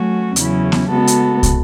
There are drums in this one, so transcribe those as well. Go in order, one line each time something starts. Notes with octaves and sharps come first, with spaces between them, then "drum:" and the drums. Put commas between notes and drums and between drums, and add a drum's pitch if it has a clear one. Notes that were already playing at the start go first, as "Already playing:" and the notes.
Already playing: F#3 A3 C#4 F#4
E2 C#3 F#3 C#4 E4, drum: hi-hat
drum: snare B3
C#3 G#3 B3 F#4 A4
drum: hi-hat
drum: kick, hi-hat